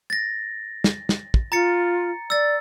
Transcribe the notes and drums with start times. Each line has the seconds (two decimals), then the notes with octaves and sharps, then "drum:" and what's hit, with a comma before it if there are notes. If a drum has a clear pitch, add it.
0.10 A6 A#6
0.84 drum: snare
1.09 drum: snare
1.34 drum: kick
1.52 F4 A#5 A6 C#7
2.30 D5 E6 A6